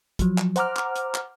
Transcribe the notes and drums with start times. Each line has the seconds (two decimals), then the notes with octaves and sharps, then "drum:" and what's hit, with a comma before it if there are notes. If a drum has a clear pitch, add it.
0.19 F3 F#3, drum: kick, hi-hat
0.38 drum: clap
0.56 C5 F#5 A#5 D6 F6, drum: hi-hat
0.76 drum: clap
0.96 drum: hi-hat
1.15 drum: clap